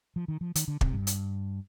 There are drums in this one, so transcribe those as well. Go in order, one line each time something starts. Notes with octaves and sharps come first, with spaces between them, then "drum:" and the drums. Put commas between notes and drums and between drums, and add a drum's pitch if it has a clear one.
F3
D#3
F3
D#3, drum: hi-hat
D3
C3, drum: kick
G2
drum: hi-hat